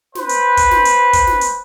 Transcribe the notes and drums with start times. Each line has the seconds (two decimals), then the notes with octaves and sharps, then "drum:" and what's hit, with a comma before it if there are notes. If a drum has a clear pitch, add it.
0.15 B4 C5, drum: snare
0.29 drum: hi-hat
0.57 drum: kick, hi-hat
0.71 drum: snare
0.85 drum: hi-hat
1.13 drum: kick, hi-hat
1.27 drum: snare
1.41 drum: hi-hat